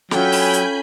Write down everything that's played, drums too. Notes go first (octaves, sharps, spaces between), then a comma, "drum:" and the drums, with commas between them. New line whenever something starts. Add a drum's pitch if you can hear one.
F#3 C#4 F4 A4 G5 G#5 B5 G6, drum: snare
drum: open hi-hat
drum: hi-hat